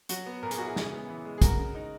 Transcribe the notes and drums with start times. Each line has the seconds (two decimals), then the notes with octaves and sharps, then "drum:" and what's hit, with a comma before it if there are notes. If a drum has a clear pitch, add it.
0.09 F#3 F#4, drum: hi-hat
0.26 B3
0.43 A#2 A#4
0.51 G#4, drum: hi-hat
0.58 E4 F#4
0.67 G#4
0.76 C#3, drum: snare
0.93 B3
1.09 E3
1.25 G#3
1.38 G#4
1.42 C#3 F#4 A#4, drum: kick, hi-hat
1.59 C#3
1.75 D#4